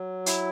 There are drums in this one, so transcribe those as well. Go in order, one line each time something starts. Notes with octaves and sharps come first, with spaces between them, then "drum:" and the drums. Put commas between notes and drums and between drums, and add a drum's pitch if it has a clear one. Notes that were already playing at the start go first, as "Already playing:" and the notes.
Already playing: F#3
E4, drum: hi-hat